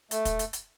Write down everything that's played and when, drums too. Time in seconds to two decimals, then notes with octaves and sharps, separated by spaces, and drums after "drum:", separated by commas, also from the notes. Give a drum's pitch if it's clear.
0.11 A3, drum: hi-hat
0.25 drum: kick, hi-hat
0.39 drum: hi-hat
0.53 drum: hi-hat